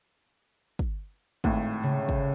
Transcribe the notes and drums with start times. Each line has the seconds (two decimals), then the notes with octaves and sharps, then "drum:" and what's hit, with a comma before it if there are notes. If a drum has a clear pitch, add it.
0.79 drum: kick
1.44 G#1 A2, drum: kick
1.83 C#3
2.09 drum: kick